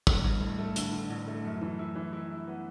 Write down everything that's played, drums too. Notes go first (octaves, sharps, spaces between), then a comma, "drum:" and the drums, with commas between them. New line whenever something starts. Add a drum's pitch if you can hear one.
G2, drum: kick
A1
A3
A3
D3, drum: hi-hat
D3
A1
A3
F#2
E3
E4
E3
E4
E4
B3